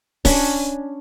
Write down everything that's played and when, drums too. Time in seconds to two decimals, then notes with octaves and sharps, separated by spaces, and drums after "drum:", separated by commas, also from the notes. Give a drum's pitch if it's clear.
0.25 C#4 D4 B5 C#6, drum: kick C#1, open hi-hat